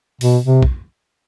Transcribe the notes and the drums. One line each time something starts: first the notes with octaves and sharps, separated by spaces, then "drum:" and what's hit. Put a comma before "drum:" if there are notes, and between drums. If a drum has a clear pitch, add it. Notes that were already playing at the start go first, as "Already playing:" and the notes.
B2, drum: open hi-hat
C3
drum: kick